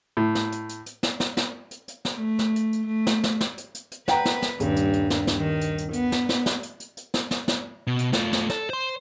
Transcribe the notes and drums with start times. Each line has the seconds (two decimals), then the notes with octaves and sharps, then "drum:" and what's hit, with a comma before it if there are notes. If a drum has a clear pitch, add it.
0.17 A2
0.35 drum: snare
0.52 drum: hi-hat
0.69 drum: hi-hat
0.86 drum: hi-hat
1.03 drum: snare
1.20 drum: snare
1.37 drum: snare
1.71 drum: hi-hat
1.88 drum: hi-hat
2.05 drum: snare
2.14 A3
2.39 drum: snare
2.56 drum: hi-hat
2.73 drum: hi-hat
2.86 A3
3.07 drum: snare
3.24 drum: snare
3.41 drum: snare
3.58 drum: hi-hat
3.74 drum: hi-hat
3.91 drum: hi-hat
4.08 B4 F#5 G5 A#5, drum: snare
4.25 drum: snare
4.42 drum: snare
4.60 D#1 G2, drum: hi-hat
4.76 drum: hi-hat
4.93 drum: hi-hat
5.10 drum: snare
5.27 drum: snare
5.38 D#3
5.61 drum: hi-hat
5.78 drum: hi-hat
5.93 B3, drum: hi-hat
6.12 drum: snare
6.29 drum: snare
6.46 drum: snare
6.63 drum: hi-hat
6.80 drum: hi-hat
6.97 drum: hi-hat
7.14 drum: snare
7.31 drum: snare
7.48 drum: snare
7.87 B2
7.99 drum: hi-hat
8.13 A3 F4, drum: snare
8.33 drum: snare
8.50 A4, drum: snare
8.70 C5 C6